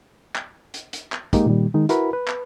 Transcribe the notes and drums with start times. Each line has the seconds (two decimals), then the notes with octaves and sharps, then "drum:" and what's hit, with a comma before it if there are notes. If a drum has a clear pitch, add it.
0.35 drum: clap
0.74 drum: hi-hat
0.93 drum: hi-hat
1.12 drum: clap
1.33 G#3 A#3 D#4 G4, drum: kick, hi-hat
1.46 A#2 D#3 G3
1.74 D#3 G#3 D#4
1.89 E4 F#4 A#4 B4 B5, drum: hi-hat
2.13 B4
2.28 drum: clap